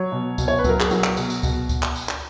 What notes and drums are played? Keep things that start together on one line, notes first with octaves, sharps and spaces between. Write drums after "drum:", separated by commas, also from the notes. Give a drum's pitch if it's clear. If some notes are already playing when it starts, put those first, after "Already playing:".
Already playing: F#3 C#5
B2
B2, drum: kick C#2, tambourine
C#5
B4
F#3 A#4, drum: kick C#2, tambourine
G#4, drum: clap
F#3 F#4, drum: tambourine
drum: clap
B2, drum: tambourine
drum: tambourine
B2, drum: kick C#2, tambourine
drum: kick C#2, tambourine
drum: clap
drum: tambourine
drum: clap